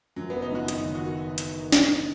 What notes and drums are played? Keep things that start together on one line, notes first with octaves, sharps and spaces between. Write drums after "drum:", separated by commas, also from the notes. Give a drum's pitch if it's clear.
F#2 F#3
F#1 B3
D#4
F#2 F#4
F#1 D#4, drum: hi-hat
D#3
F#4
drum: hi-hat
drum: snare